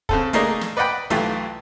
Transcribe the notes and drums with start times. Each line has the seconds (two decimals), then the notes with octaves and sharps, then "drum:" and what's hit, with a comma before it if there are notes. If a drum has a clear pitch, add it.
0.09 C#3 C4 A4, drum: kick
0.33 A3 A#3 D4 D#4 G#4, drum: hi-hat
0.61 drum: snare
0.77 B4 D5 D#5 F#5 G5 B5
1.10 B1 E3 A3 F4 G4, drum: hi-hat